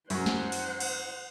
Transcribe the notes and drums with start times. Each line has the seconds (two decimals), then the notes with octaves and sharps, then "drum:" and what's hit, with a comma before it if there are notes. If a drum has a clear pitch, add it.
0.10 F#2 C5 F#5, drum: open hi-hat
0.26 drum: snare
0.52 drum: open hi-hat
0.80 drum: cymbal